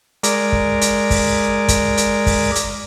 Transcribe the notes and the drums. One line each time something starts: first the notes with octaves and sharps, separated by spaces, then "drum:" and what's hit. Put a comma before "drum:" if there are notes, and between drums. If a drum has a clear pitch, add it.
G#3 A#4 D5, drum: hi-hat
drum: kick
drum: hi-hat
drum: kick, open hi-hat
drum: kick, hi-hat
drum: hi-hat
drum: kick, open hi-hat
drum: hi-hat